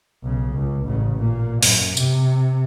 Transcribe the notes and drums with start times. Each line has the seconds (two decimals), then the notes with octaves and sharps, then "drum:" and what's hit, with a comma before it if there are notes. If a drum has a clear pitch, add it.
0.23 B1 C#3
0.55 C#2
0.86 A1 C#3
1.16 A#2
1.63 F#2, drum: open hi-hat
1.97 C3, drum: tambourine